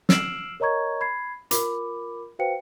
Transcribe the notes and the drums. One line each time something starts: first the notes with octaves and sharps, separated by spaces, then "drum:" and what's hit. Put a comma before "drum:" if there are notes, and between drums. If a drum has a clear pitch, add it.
E6 F6 C7 D7 E7 F#7, drum: snare
A#4 C#5 D#5 A#5 C#6 G#6
B5 G#6 C7
F4 A#4 B5 D6, drum: hi-hat
F#4 B4 C5 F5 G5 C#7